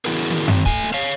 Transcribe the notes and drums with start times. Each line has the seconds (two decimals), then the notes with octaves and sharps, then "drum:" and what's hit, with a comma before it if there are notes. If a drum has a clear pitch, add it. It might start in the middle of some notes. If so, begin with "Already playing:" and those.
0.05 E3 B3 E4 F#4 G#4 A#4
0.30 drum: tom
0.48 D#3 C4, drum: tom F#2
0.66 A3 G#5, drum: kick, hi-hat
0.83 drum: hi-hat
0.94 C#5 F5